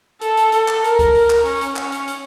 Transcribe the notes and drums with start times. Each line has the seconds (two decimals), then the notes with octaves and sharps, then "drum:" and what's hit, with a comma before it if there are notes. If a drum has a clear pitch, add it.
0.21 A4, drum: hi-hat
0.37 drum: hi-hat
0.52 A4, drum: hi-hat
0.68 drum: clap
0.84 A#4, drum: hi-hat
0.99 drum: kick, hi-hat
1.15 drum: open hi-hat
1.30 drum: clap
1.45 C#4, drum: open hi-hat
1.61 drum: hi-hat
1.76 C#4, drum: clap
1.92 drum: hi-hat
2.08 drum: hi-hat